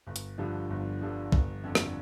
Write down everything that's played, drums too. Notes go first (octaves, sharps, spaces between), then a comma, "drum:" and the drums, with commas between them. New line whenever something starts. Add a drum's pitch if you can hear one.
G1
drum: hi-hat
G2 D3 F3
G1
G2 D3 F3
G1, drum: kick
F2 D3
drum: rim click